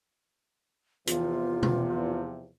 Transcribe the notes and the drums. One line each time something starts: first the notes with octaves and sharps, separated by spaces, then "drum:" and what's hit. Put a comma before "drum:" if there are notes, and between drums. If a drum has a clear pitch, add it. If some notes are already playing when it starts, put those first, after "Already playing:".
E2 C3 F3 F4, drum: hi-hat
drum: tom B2